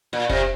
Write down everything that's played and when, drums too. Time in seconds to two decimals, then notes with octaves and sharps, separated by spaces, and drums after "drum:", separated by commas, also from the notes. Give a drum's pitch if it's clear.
0.13 A#2
0.30 C3, drum: kick F1